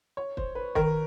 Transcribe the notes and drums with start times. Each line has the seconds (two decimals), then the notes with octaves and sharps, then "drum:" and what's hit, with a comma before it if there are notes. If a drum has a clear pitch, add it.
0.17 C#5
0.37 C5, drum: kick
0.55 B4
0.75 D#3 A#4, drum: kick